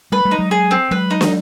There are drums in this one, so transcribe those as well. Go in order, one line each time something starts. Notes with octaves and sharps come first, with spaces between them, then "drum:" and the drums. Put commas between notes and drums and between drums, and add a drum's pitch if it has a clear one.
G3 A3 B4
G3 A3
D#4
F#3 G#3
G#4
C4
F#3 G#3 B4
D#4
drum: snare